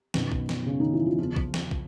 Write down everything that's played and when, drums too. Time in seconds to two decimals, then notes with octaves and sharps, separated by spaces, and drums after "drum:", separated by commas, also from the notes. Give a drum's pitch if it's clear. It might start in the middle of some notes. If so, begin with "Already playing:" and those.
0.14 F#2 B2 D#3 B3, drum: snare
0.32 drum: kick
0.49 drum: snare
0.66 C#3 C#4
0.80 D#3 D#4
0.93 E3 E4
1.06 F3 F4
1.18 E2 C#3 F3 F4
1.36 drum: kick
1.54 drum: snare
1.71 drum: kick